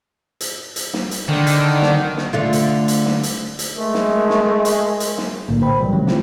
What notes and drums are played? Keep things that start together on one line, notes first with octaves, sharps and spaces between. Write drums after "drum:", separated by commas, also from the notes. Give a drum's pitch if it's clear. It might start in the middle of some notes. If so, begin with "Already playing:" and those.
drum: hi-hat
drum: hi-hat
drum: snare
drum: hi-hat
D3 D#3
drum: hi-hat
drum: snare
drum: snare
D3 A3 F4
drum: hi-hat
drum: hi-hat
drum: snare
drum: hi-hat
drum: hi-hat
G#3 A3 A#4
drum: snare
drum: snare
drum: hi-hat
drum: hi-hat
drum: snare
B1 A2 D3 A#3
A#4 C5 G5 B5
C3 E3 F#3 G3
D3 D#3 F3 F#3 A3 C#4
G#3 A3 C4 E4 F4, drum: snare